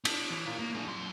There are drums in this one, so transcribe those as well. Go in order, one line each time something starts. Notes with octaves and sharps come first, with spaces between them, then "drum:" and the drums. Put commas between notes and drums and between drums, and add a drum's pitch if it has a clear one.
D4, drum: cymbal
E3
F4 A#4
A#3
D4 G#4
F#2 C6